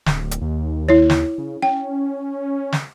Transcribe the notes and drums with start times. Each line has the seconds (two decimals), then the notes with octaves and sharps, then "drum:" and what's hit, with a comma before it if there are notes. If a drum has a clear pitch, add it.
0.06 D1, drum: snare
0.31 drum: hi-hat
0.41 D#2
0.89 E4 C#5
1.10 drum: snare
1.38 C#3
1.62 C#4 G5
2.72 drum: snare